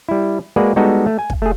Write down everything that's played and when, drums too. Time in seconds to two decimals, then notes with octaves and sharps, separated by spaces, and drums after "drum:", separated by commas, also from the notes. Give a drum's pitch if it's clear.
0.09 G3 E4
0.56 G#3 A#3 F#4 G#4 B4 D5
0.76 G3 G#3 B3 D#4 F#4 A4
1.06 A3
1.19 G#5
1.30 drum: kick
1.42 A3 G#4